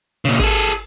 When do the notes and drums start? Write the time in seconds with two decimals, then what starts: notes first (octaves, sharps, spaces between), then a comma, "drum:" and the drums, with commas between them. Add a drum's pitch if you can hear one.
0.25 A#2 C#3
0.40 G#4 A4, drum: kick G#1, cymbal
0.67 drum: cymbal